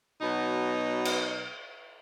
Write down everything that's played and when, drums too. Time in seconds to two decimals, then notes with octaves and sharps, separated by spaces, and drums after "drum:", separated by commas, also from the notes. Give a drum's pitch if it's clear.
0.22 B2 F#3 B3 D#4
1.05 drum: cymbal